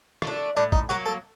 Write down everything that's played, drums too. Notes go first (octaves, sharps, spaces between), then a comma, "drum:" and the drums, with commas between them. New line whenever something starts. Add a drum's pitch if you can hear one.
A3 D4, drum: rim click
A2 D4
D#4, drum: kick
F#3 A#3 F#4
A4